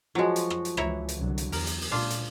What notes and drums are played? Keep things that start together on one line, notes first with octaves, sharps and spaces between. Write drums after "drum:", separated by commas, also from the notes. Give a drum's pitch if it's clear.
F3 F#3 G#3 F#4
drum: hi-hat
drum: rim click
drum: hi-hat
C#2 E3 E4 C#5 A#5, drum: rim click
drum: hi-hat
C2 D3 F#3
drum: hi-hat
E2 A#4, drum: open hi-hat
drum: hi-hat
drum: open hi-hat
C#2 A#2 D4 F4
drum: hi-hat